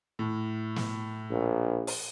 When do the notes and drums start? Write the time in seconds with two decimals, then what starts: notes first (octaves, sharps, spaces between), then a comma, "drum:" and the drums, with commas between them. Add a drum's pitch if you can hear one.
0.19 A2
0.76 drum: snare
1.31 A#1
1.87 drum: open hi-hat